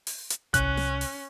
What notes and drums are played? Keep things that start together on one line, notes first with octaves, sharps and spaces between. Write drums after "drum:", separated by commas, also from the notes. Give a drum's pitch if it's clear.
drum: open hi-hat
drum: hi-hat
C2 C#4 F#6, drum: kick G#1, hi-hat
drum: snare
drum: open hi-hat